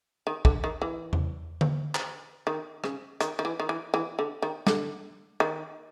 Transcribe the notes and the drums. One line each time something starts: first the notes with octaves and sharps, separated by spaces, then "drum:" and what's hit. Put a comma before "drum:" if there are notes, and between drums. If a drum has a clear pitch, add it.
D#3
D3, drum: kick
D#3
E3
drum: tom E2
drum: tom D3
drum: clap
D#3
C#3, drum: rim click
D#3, drum: hi-hat
D#3
E3
D#3
E3
E3
D3
D#3
D3, drum: snare
D#3